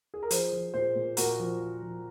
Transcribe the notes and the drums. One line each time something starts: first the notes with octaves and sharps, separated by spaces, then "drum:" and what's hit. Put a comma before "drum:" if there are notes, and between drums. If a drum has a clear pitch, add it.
G#4
A#4
F3 G#4 C5, drum: hi-hat
F3
A#2 G#4 C5
A#2
A#2 F#4 A#4, drum: hi-hat
F3
F3
F3